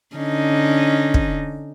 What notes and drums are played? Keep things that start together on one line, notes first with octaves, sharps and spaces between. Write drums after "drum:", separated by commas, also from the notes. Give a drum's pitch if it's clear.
D3 C#4 D#4
drum: kick